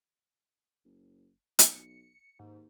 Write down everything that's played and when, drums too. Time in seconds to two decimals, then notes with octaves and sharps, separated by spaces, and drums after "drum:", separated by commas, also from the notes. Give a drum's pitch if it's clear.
0.85 F#1
1.59 B1 C#7, drum: hi-hat
2.39 D#2 G#2